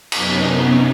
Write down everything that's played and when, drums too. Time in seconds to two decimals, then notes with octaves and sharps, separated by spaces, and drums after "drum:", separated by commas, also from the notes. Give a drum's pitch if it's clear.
0.12 F#2 C3 B3 C#4 D#4, drum: cymbal